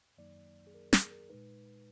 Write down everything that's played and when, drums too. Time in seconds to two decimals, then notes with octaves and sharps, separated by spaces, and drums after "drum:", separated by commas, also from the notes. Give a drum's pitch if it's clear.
0.18 F#2 D#3 F#3 A#3 D#4 D5
0.67 G#4
0.74 A#4
0.93 G#4, drum: snare
1.06 G#4
1.11 A#4
1.30 A#2 G#3 D#4 B4